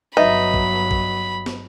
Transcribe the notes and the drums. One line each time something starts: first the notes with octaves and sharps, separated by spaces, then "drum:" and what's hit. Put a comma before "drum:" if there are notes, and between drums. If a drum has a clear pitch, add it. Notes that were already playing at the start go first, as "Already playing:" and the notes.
G1 F#3 D#4 B4 D#5 E5 B5
drum: kick
drum: kick
drum: snare